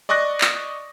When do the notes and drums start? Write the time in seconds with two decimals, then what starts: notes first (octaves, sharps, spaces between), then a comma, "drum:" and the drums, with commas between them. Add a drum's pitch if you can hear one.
0.09 D5 D#5 C#6 D#6 F#6 A#6
0.41 drum: clap